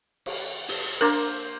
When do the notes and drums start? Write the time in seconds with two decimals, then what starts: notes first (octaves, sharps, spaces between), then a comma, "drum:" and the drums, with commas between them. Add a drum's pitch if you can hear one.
0.26 drum: cymbal
0.68 drum: open hi-hat
1.01 A#3 D4 A#4 C5